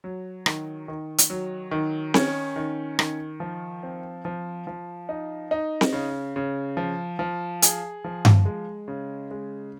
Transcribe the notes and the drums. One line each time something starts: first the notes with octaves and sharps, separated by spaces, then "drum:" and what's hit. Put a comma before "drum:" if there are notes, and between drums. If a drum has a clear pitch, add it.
F#3
D#3, drum: rim click
D#3
drum: hi-hat
F#3
D#3
C#4, drum: snare C4
D#3
D#3, drum: rim click
F3
C4
F3
F3
D#4
D#4
drum: snare C4
C#3
C#3
F3
F3
G#4, drum: hi-hat
F3
drum: tom G2
G#3
C#3
G#3